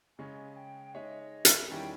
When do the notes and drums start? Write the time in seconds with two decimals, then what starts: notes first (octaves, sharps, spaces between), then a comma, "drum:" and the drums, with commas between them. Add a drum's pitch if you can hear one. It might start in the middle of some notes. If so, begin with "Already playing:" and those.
0.18 C#3 G#3 C#4 G#5
0.56 G5
0.94 G#3 D#4 G#4 C#5 E5
1.19 D#5
1.45 E5, drum: hi-hat
1.70 E2 D#3 G3 C#4 E4 G5